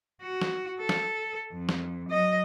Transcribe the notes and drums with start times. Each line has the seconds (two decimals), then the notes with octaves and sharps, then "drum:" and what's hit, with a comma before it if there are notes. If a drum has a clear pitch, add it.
0.22 F#4
0.42 drum: snare
0.80 A4
0.89 drum: snare
1.53 F2
1.69 drum: snare
2.09 F#3 D#5